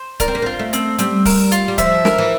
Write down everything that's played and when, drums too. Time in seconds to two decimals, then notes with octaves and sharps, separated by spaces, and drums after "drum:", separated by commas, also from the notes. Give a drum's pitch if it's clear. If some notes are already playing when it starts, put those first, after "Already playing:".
Already playing: C5
0.20 D4 A#4, drum: kick C#1, hi-hat
0.28 C4
0.35 A#3
0.42 C4 F4
0.59 A3
0.73 C4, drum: hi-hat
0.99 G3 C4, drum: hi-hat
1.25 A#4, drum: kick C#1, open hi-hat
1.52 F4, drum: hi-hat
1.68 G3
1.78 F3 E5, drum: kick C#1, hi-hat
2.05 A#4, drum: snare
2.18 E3